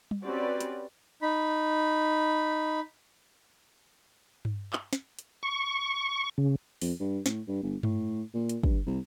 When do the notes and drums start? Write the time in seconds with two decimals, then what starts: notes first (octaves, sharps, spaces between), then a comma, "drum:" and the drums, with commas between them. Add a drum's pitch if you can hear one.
0.11 drum: tom G3
0.24 C4 C#4 F#4 G4 B4 D5
0.60 drum: hi-hat
1.22 D#4 B5
4.45 drum: tom G2
4.73 drum: clap
4.93 drum: snare
5.19 drum: hi-hat
5.43 C#6
6.38 C#3
6.82 F2, drum: open hi-hat
7.00 G2
7.26 A2, drum: snare
7.48 G2
7.63 G1
7.83 A2, drum: tom G2
8.34 A#2
8.49 drum: hi-hat
8.63 G2, drum: kick
8.86 C2